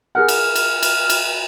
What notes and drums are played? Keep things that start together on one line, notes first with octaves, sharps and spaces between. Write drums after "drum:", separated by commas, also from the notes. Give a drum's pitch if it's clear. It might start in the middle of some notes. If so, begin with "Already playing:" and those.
G#4 A#4 F#5 F6
drum: cymbal
drum: cymbal
drum: cymbal
drum: cymbal